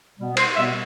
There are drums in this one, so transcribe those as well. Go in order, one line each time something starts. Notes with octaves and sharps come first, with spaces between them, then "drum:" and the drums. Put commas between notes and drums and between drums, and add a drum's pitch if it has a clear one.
B2 G3 B3
C5, drum: cymbal
B2 G3 B3 E5